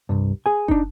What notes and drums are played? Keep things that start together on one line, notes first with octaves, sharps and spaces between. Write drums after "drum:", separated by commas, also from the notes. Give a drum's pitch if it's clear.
C2 G2
G#4 G#5
D4 D#4, drum: kick